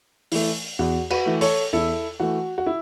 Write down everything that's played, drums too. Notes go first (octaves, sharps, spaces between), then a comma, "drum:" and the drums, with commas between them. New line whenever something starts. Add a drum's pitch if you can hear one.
E3 A3, drum: open hi-hat
E2 F#4
F#4 B4, drum: cymbal
E3 A3
A4 C#5, drum: open hi-hat
E2 E4 A4
E3 A3 F#4
F#4
E4